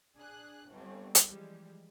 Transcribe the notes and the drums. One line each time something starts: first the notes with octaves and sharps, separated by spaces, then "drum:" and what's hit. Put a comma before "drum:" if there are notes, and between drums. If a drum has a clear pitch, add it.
D4 G#4 F#6
G1 G3 C4
drum: hi-hat
E3 F3 G3 G#3